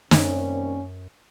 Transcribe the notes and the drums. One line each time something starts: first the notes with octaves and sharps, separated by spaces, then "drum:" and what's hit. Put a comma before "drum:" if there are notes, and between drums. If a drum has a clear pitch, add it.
F#2 C3 D#3 G3 A#3 C#4, drum: snare